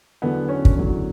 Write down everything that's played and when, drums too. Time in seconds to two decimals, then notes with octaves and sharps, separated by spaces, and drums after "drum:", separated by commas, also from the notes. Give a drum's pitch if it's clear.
0.22 E2 D3 F#3 B3
0.48 C#4
0.65 drum: kick
0.76 E2 D3 F#3